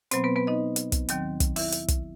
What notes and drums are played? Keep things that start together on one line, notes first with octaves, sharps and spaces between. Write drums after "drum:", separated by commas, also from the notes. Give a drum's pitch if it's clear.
B2 F#3 B3 C4 C5, drum: hi-hat
B3 B4
B3 B4
D#4 D#5
drum: hi-hat
drum: kick, hi-hat
D#2 D#3 F#3 C4, drum: hi-hat
drum: kick, hi-hat
E4 E5, drum: open hi-hat
drum: hi-hat
drum: kick, hi-hat